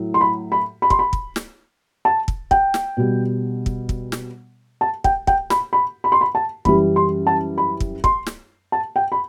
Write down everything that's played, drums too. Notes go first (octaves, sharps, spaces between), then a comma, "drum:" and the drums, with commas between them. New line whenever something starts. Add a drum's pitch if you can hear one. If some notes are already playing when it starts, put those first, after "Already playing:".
Already playing: A2 F#3
C6
B5
B5
B5
C6, drum: kick
B5
drum: kick
drum: snare
A5
drum: kick
G5, drum: kick
drum: snare
B2 G3
drum: kick
drum: kick
drum: snare
A5
G5, drum: kick
G5, drum: kick
B5, drum: snare
B5
B5
C6
B5
A5
F#2 E3 G3 B5, drum: kick
C6
A5
B5
drum: kick
C6, drum: kick
drum: snare
A5
G5
B5